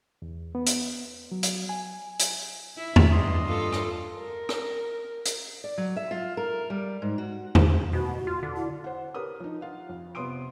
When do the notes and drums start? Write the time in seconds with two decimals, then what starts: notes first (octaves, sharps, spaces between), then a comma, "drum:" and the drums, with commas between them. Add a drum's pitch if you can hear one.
0.22 E2
0.55 B3
0.67 drum: hi-hat
1.32 F#3
1.43 drum: hi-hat
1.69 G#5
2.20 drum: hi-hat
2.77 E4
2.96 drum: tom E2
3.12 G2 E3 D#5 C6
3.46 F4 A4
3.73 drum: rim click
4.18 A#4
4.49 drum: rim click
5.26 drum: hi-hat
5.64 D5
5.78 F#3
5.96 E5
6.11 F4
6.37 A#4
6.70 G3
7.02 G#2
7.18 F#4
7.55 drum: tom E2
7.93 B2 F#4
8.27 F4
8.43 D3
8.56 E4
8.84 C5 F#5
9.14 G4 A#4 B4 C#5 D#6
9.40 F3 D#4
9.61 F4 F5 F#5
9.89 F2
10.15 C3 B3 B4 C6 D#6 D7